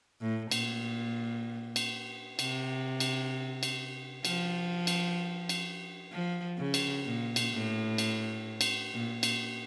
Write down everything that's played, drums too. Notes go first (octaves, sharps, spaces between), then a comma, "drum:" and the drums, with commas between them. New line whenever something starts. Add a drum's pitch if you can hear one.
A2
A#2, drum: cymbal
drum: cymbal
C3, drum: cymbal
drum: cymbal
drum: cymbal
F3, drum: cymbal
drum: cymbal
drum: cymbal
F3
C#3
drum: cymbal
A#2
drum: cymbal
A2
drum: cymbal
drum: cymbal
A#2
drum: cymbal